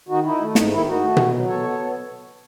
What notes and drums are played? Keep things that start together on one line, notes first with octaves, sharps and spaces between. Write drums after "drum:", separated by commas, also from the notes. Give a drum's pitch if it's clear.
D#3 D#4 F#4
D#4 E4
A3
G#2 D#4, drum: snare
D#3 E4
D#4 F#4
A3
B2, drum: tom B2
F#3
B2 A4 C#5
B3